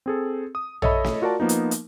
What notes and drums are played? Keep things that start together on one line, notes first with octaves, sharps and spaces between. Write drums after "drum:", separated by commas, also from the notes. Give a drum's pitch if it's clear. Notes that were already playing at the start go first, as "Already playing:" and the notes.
C4 G#4 A4
D#6
A4 C#5 D#5 E5 B5, drum: tom A#1
drum: snare
F4 F#4 A#4 D5 A5
F3 A#3 B3 D#4
drum: hi-hat
drum: hi-hat